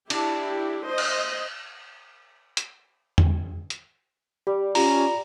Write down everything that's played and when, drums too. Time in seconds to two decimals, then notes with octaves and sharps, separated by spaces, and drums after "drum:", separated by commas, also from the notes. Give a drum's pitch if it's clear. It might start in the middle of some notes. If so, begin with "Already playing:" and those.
0.10 D4 E4 G4, drum: cymbal
0.88 C5 D#5
0.98 drum: cymbal
2.57 drum: hi-hat
3.18 drum: tom E2
3.70 drum: hi-hat
4.47 G3 G4
4.75 C#4 F4 G4 A#5, drum: open hi-hat